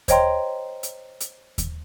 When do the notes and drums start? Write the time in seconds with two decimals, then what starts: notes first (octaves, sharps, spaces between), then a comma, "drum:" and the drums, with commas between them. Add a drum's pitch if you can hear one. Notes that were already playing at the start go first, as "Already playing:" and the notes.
0.08 C5 C#5 D#5 G5 A#5 C6, drum: kick D#2, hi-hat
0.83 drum: hi-hat
1.20 drum: hi-hat
1.58 drum: kick D#2, hi-hat